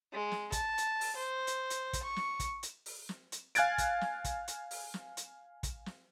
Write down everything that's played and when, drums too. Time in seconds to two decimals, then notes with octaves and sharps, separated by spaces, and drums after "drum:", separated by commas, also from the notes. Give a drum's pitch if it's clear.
0.13 G#3
0.32 drum: snare
0.52 A5, drum: kick, hi-hat
0.78 drum: hi-hat
1.01 drum: open hi-hat
1.16 C5
1.47 drum: hi-hat
1.70 drum: hi-hat
1.93 drum: kick, hi-hat
2.03 C#6
2.16 drum: snare
2.40 drum: kick, hi-hat
2.63 drum: hi-hat
2.86 drum: open hi-hat
3.09 drum: snare
3.32 drum: hi-hat
3.55 F5 G#5 F#6 G#6 A6 D7, drum: hi-hat
3.78 drum: kick, hi-hat
4.01 drum: snare
4.24 drum: kick, hi-hat
4.48 drum: hi-hat
4.71 drum: open hi-hat
4.94 drum: snare
5.17 drum: hi-hat
5.63 drum: kick, hi-hat
5.86 drum: snare